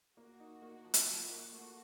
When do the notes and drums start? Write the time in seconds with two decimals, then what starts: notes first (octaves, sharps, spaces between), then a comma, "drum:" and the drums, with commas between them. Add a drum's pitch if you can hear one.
0.17 A#3 F#4
0.40 D#4
0.62 A#3
0.84 F3
0.94 drum: hi-hat
1.07 F3
1.30 A#3
1.52 A3 F#4